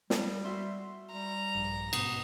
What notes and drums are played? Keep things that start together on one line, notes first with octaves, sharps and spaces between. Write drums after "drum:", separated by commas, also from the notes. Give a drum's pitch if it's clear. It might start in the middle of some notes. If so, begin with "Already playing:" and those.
G3, drum: snare
F#4 E5 C6
G3 A#5
A#1 G2
G#2 B2 B3 D#6, drum: cymbal